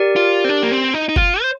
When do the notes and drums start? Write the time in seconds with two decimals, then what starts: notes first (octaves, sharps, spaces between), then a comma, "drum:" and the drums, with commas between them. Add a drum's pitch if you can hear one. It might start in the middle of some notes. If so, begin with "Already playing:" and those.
Already playing: G4 A#4 D5
0.16 F4
0.44 C4
0.49 D4
0.63 A#3
0.72 C4
0.94 D#4
1.09 D#4
1.16 F4, drum: kick F#1
1.42 C5